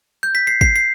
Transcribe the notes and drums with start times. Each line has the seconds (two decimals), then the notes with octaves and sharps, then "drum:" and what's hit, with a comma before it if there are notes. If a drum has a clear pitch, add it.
0.23 G6
0.35 B6
0.47 C7
0.61 C7, drum: kick
0.76 C7